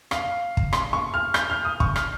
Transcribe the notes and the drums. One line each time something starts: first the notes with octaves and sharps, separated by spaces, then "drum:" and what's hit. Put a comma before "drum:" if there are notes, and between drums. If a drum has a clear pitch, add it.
F5, drum: rim click
drum: kick
C6, drum: rim click
C#6
F6
G6, drum: rim click
F6
D#6
C#6, drum: kick
F6, drum: rim click